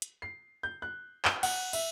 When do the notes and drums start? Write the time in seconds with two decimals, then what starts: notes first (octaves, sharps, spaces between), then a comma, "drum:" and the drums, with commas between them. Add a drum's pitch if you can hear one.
0.02 drum: hi-hat
0.22 C7
0.63 G6
0.82 F#6
1.25 G7, drum: clap
1.43 F#5, drum: cymbal
1.73 E5, drum: cymbal